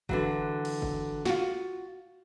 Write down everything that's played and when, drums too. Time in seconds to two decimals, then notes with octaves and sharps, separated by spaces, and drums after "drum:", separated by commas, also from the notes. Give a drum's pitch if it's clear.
0.09 D3 E3 F#3, drum: kick F#1
0.65 drum: cymbal
0.82 drum: kick F#1
1.25 F4 F#4, drum: snare